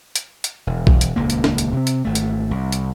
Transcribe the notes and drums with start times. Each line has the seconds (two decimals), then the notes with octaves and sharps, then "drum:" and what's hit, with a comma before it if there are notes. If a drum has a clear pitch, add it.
0.16 drum: hi-hat
0.44 drum: hi-hat
0.67 E1
0.87 drum: kick B1
1.01 drum: hi-hat
1.16 D#1 C#2 A#3
1.30 drum: hi-hat
1.44 drum: snare
1.58 drum: hi-hat
1.73 C3 C4
1.87 drum: hi-hat
2.05 G#1 A3
2.15 drum: hi-hat
2.51 C2
2.72 drum: hi-hat